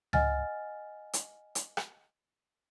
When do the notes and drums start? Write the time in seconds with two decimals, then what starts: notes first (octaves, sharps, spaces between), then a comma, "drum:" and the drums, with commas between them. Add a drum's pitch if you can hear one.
0.13 D#5 F#5 G#5 F6 A6, drum: tom C#2
1.13 drum: hi-hat
1.55 drum: hi-hat
1.77 drum: rim click